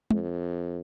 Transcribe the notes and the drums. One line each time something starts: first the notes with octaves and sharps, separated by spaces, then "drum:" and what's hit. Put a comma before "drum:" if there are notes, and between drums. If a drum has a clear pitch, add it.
F2, drum: tom